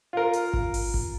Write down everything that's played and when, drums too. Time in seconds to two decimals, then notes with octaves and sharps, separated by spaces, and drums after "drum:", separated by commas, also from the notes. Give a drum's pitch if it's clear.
0.13 F4 A#4
0.33 drum: hi-hat
0.54 drum: kick G#1
0.74 drum: open hi-hat
0.94 drum: kick G#1